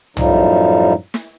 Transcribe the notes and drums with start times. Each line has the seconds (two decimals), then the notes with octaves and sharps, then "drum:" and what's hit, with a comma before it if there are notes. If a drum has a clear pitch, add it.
0.17 F#2 A2 F3 G3 D#4, drum: tom
1.14 drum: snare